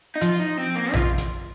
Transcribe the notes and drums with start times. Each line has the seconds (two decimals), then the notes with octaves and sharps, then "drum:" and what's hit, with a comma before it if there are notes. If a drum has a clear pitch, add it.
0.16 D#4
0.21 F3 F4, drum: hi-hat
0.39 D#4
0.57 C4
0.76 A#3
0.94 F4, drum: tom A#1
1.18 drum: kick, hi-hat